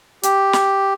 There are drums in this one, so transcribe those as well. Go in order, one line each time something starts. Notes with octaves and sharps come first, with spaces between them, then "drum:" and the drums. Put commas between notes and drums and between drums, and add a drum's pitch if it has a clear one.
G4, drum: hi-hat
drum: snare